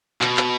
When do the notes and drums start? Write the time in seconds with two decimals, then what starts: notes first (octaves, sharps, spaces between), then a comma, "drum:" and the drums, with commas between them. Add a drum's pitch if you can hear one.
0.21 B2, drum: clap
0.37 drum: clap